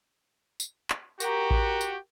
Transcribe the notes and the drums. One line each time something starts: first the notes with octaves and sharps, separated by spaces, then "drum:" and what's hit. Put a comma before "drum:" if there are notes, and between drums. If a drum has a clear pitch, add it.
drum: tambourine
drum: clap
F#4 G4 A#4 A#5, drum: tambourine
drum: kick A1
drum: tambourine